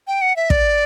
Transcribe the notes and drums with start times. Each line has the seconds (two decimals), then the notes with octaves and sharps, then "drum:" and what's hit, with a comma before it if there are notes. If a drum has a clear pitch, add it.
0.07 G5
0.22 F#5
0.36 E5
0.50 D5, drum: kick